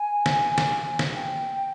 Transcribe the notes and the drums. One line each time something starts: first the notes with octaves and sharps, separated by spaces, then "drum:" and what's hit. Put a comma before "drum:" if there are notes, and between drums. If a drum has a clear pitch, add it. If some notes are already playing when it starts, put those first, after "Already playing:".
Already playing: G#5
drum: snare
drum: snare
drum: snare
G5